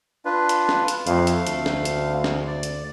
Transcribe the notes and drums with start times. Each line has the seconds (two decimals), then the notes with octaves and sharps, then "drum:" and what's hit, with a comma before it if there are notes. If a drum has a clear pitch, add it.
0.25 D4 F4 B4
0.49 drum: hi-hat
0.69 drum: snare
0.88 drum: hi-hat
1.07 F2 A3 F5, drum: hi-hat
1.27 drum: hi-hat
1.47 D2, drum: hi-hat
1.66 drum: snare
1.85 drum: hi-hat
2.24 drum: snare
2.47 D5
2.63 drum: hi-hat